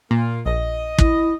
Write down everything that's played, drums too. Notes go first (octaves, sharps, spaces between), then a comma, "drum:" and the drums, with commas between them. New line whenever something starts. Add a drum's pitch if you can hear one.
A#2 A#3 F4
A#1 D#5
E4, drum: kick